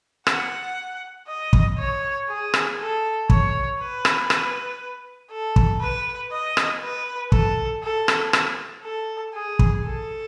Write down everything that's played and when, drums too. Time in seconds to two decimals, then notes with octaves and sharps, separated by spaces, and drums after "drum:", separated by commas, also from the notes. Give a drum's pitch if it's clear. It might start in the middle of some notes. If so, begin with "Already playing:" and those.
0.27 F#5, drum: rim click
1.27 D#5
1.53 drum: kick
1.78 C#5
2.29 G#4
2.54 drum: rim click
2.79 A4
3.30 C#5, drum: kick
3.80 B4
4.05 drum: rim click
4.30 drum: rim click
5.31 A4
5.56 drum: kick
5.81 B4
6.32 D#5
6.57 drum: rim click
6.83 B4
7.32 A4, drum: kick
7.83 A4
8.08 drum: rim click
8.33 drum: rim click
8.84 A4
9.34 G#4
9.59 drum: kick
9.85 A4